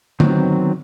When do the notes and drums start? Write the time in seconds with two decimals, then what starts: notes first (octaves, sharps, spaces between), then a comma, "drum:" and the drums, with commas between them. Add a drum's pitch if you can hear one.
0.20 D#3 F#3 B3 C4, drum: tom D3